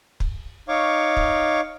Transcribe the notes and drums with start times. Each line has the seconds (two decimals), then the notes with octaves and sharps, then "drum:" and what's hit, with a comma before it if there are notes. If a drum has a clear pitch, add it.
0.20 drum: kick
0.68 D#4 C#5 F5 C#6 D6
1.17 drum: kick